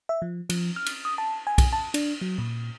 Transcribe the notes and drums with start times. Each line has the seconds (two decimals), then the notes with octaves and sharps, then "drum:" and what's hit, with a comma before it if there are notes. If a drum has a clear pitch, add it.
0.09 E5
0.22 F3
0.50 F3, drum: cymbal
0.76 F6
0.86 drum: cymbal
1.05 D#6
1.18 A5
1.47 G#5
1.58 drum: kick B1, cymbal
1.73 A5
1.94 D4, drum: cymbal
2.21 F#3
2.38 A#2